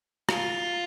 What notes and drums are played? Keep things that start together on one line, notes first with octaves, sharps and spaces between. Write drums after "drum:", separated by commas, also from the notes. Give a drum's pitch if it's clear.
F4, drum: rim click